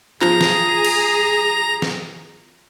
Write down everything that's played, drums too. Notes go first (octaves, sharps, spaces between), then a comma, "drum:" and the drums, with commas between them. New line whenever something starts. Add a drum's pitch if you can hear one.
F3 G#4 A#5, drum: clap
drum: snare
drum: cymbal
drum: snare